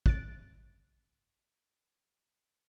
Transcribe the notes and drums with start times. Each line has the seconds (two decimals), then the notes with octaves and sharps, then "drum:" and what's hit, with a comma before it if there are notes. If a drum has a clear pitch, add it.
0.06 F#6 A6 D7, drum: kick